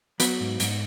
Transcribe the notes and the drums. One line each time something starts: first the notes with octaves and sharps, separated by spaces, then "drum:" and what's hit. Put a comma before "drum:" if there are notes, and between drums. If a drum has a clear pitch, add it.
F#3 B3, drum: hi-hat
G#2
G#2, drum: hi-hat